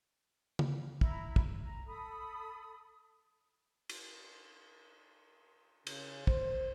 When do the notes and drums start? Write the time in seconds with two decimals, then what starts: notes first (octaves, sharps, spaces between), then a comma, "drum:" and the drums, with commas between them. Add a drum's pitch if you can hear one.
0.59 drum: tom C#3
1.01 E4 A#5 B5, drum: kick
1.36 drum: kick
1.64 A#5
1.87 A4 B5 D#6
3.89 drum: cymbal
5.87 C#3, drum: cymbal
6.27 C5, drum: kick